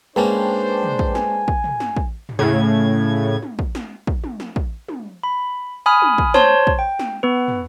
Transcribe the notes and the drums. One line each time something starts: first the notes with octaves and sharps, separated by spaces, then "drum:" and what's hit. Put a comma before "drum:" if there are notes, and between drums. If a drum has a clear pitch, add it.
G#2 A#3 C#4 D4 B4 C5 G5 A5
drum: tom
drum: kick
G#5, drum: snare
drum: kick
drum: tom
drum: snare
drum: kick
drum: tom
A2 C#3 G#6
drum: tom
drum: kick
drum: snare
drum: kick
drum: tom
drum: snare
drum: kick
drum: tom
B5
G#5 B5 D#6 F6
drum: tom
drum: kick
C5 C#5 A5 C6, drum: snare
drum: kick
G5
drum: snare
B3 B4
drum: tom